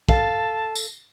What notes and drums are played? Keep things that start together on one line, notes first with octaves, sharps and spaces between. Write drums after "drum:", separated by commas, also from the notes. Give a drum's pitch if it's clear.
A4 F5 A5, drum: kick
drum: tambourine